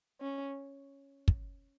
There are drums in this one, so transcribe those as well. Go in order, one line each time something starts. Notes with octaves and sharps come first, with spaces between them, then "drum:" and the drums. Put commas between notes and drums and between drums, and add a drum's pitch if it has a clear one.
C#4
drum: kick